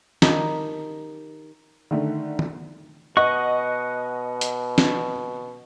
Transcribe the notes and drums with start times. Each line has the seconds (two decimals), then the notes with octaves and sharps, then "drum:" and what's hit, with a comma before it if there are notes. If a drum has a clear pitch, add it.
0.22 D#3 D#4 G4 A5 B5, drum: snare
1.91 D3 D#3 A3
2.39 drum: tom
3.17 B2 D#5 F#5 C#6
4.41 drum: hi-hat
4.78 drum: snare